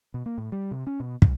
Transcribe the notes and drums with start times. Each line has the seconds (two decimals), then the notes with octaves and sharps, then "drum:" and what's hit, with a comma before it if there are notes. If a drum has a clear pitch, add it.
0.14 B2
0.26 A#3
0.38 A2
0.52 G3
0.71 C3
0.87 C#4
1.00 B2
1.22 B1, drum: kick